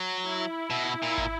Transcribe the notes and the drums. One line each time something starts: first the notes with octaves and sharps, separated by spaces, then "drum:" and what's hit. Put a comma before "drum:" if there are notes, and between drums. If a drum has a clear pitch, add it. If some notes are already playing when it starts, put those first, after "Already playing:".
Already playing: F#3
E4
B2
A#2
drum: kick